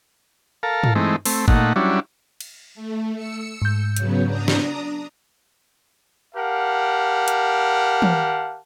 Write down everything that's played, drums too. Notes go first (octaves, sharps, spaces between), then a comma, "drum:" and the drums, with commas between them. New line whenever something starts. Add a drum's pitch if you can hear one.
A4 A#4 F5
drum: tom
E3 G#3 A3 C4 D#4
A3 C4, drum: open hi-hat
A#2 A3 D#4 F#5, drum: kick G1
F#3 G3 C#4 D4 E4
drum: cymbal
A3
E6 C#7
G#2 G6
C#3 F#3 B3, drum: hi-hat
D4 A#5 D#6
drum: snare
G4 A#4 F5 F#5 A5
drum: hi-hat
drum: tom